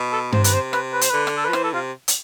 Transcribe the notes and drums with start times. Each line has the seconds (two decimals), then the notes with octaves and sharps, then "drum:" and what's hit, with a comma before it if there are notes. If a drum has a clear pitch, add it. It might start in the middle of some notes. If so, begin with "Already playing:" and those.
Already playing: B2
0.12 A4
0.32 C3 C5, drum: tom G2
0.44 B4, drum: hi-hat
0.53 C5
0.73 B4, drum: rim click
0.93 B4
1.01 C5, drum: hi-hat
1.10 D3 B4
1.27 drum: rim click
1.37 A4
1.45 B4
1.49 F3
1.53 E3 C5, drum: rim click
1.64 A4
1.74 C3 F4
2.08 drum: hi-hat